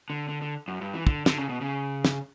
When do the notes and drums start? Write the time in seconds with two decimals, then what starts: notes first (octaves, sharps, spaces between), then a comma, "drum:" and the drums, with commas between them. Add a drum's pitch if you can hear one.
0.10 D3
0.29 D3
0.42 D3
0.68 F#2
0.81 G2
0.94 E3
1.07 D3, drum: kick
1.26 D3, drum: snare
1.38 C#3
1.49 B2
1.61 C#3
2.05 drum: snare